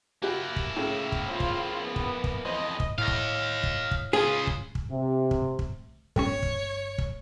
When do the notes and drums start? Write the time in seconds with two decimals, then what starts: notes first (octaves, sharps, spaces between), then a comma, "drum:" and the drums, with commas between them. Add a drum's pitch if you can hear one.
0.22 A#3 E4 F#4 G4
0.56 drum: kick
0.76 A2 C#3
1.12 drum: kick
1.28 F4 C5
1.40 drum: kick
1.82 B3
1.96 drum: kick
2.24 drum: kick
2.45 F2 E3 C5 D#5
2.80 drum: kick
2.98 A2 D#5 F5
3.08 drum: kick
3.63 drum: kick
3.91 drum: kick
4.13 C#3 F4 G#4
4.47 drum: kick
4.75 drum: kick
4.90 C3
5.31 drum: kick
5.59 drum: kick
6.16 G1 A2 G3 C#4 C#5, drum: kick
6.43 drum: kick
6.98 drum: kick